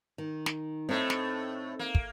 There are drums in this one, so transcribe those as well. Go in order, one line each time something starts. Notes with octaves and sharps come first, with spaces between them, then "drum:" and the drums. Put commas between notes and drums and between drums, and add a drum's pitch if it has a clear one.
D#3
drum: snare
A2 A3 C4 D#4
drum: snare
A#3
drum: kick